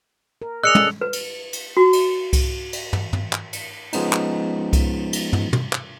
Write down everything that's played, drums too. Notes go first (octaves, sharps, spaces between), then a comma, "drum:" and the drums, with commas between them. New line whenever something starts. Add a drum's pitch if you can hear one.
A#4
G#4 D5 D#5 E6 F#6 C#7 F7
C#4 A4, drum: tom
B4
drum: cymbal
drum: cymbal
F#4
drum: cymbal
drum: kick C2, cymbal
drum: cymbal
drum: tom
drum: tom
drum: clap
drum: cymbal
F3 G#3 B3 C#4 D#4, drum: cymbal
drum: clap
drum: kick C2, cymbal
drum: cymbal
drum: tom
drum: tom
drum: clap